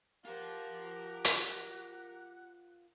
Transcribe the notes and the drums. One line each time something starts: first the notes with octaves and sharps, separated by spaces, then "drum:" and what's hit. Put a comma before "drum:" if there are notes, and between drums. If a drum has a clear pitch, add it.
F4 G4 A#4 C5 F#5
drum: hi-hat